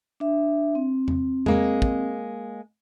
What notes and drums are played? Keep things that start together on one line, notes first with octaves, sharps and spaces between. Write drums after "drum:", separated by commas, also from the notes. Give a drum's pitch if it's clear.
D4 E5
C4
drum: tom E2
G#3 A#3, drum: tom E2
drum: kick